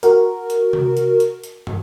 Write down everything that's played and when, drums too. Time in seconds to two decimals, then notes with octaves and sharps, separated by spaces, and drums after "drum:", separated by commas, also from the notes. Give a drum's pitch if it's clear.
0.03 F#4 A#4, drum: hi-hat
0.50 drum: hi-hat
0.73 drum: tom C3
0.97 drum: hi-hat
1.20 drum: hi-hat
1.44 drum: hi-hat
1.67 drum: tom